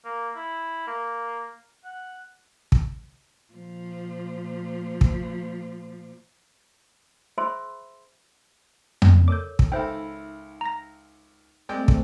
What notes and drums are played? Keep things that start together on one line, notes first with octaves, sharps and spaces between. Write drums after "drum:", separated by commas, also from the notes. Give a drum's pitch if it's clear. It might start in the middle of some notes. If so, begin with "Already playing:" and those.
A#3
E4
A#3
F#5
drum: kick
A#2 F3
drum: kick
G#4 C5 E5 B5 C6 E6
drum: tom F2
A4 A#4 C#5 D6 G6
drum: kick
C#2 D#4 A4 C5 E5 G5 B5
A#5 A#6
G#3 A3 C4 A#4 D5 G5
drum: kick